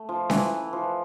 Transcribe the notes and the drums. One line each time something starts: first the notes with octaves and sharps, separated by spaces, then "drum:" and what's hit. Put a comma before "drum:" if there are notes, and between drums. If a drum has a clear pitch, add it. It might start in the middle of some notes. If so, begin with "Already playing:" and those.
Already playing: A3
F3
E3, drum: snare C#4
F3